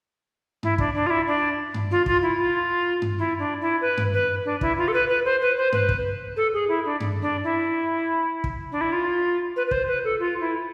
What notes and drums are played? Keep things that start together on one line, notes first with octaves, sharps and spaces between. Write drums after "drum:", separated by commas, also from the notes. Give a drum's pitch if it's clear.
E4, drum: tom G2
D4, drum: kick
D4
F4
E4
D4
drum: tom G2
F4
F4, drum: kick
E4
F4
drum: tom G2
E4
D4
E4
B4
drum: tom G2
B4
D4
E4, drum: kick
F4
A4
B4
B4
C5
B4
C5
B4, drum: tom G2
drum: kick
A4
G#4
E4
D4
drum: tom G2
D4
E4
drum: kick
D4
E4
F4
B4
B4
C5, drum: kick
B4
A4
F4
E4